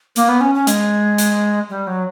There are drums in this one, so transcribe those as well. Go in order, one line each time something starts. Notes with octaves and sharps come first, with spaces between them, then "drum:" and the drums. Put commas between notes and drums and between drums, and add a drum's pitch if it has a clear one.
A#3, drum: hi-hat
B3
C#4
C#4
G#3, drum: hi-hat
drum: hi-hat
G3
F#3